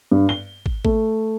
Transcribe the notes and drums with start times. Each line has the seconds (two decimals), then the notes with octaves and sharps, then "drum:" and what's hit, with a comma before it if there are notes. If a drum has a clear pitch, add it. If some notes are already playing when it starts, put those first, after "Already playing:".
0.11 G2
0.29 G7
0.66 drum: kick
0.85 A3, drum: kick